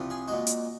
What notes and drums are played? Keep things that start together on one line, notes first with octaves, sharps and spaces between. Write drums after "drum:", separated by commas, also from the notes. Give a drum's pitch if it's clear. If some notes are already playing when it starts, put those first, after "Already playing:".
Already playing: C2 C3 F3
G#4
A#2 G#3 F#4
drum: hi-hat